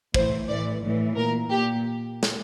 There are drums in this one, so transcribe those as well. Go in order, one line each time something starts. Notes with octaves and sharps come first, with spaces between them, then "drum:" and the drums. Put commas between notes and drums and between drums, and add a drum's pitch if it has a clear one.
A2 E3 C5, drum: kick
A2 E3 D5
A2 E3
A#2 A#4
A#2 G4
drum: snare